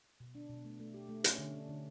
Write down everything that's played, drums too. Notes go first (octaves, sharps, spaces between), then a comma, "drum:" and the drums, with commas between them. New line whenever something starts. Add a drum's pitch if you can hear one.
B2
D4
B2
A3
A3
G4
A3
C#4, drum: hi-hat
D3
D4
D3